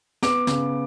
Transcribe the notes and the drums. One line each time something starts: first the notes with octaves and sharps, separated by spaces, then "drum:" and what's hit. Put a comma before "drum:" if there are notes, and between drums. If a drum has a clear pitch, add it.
B3 D6, drum: snare
C#3, drum: snare